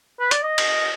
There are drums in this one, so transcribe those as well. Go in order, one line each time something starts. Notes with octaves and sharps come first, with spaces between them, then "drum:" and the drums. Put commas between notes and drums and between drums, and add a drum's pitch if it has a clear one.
B4
D5, drum: hi-hat
D#5
drum: cymbal